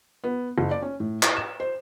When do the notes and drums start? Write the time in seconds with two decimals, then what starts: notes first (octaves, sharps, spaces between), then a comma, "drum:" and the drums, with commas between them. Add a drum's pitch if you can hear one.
0.24 B3
0.58 F#1
0.71 D5
0.82 C#4
1.00 A2
1.23 E4, drum: clap
1.37 E7
1.60 C5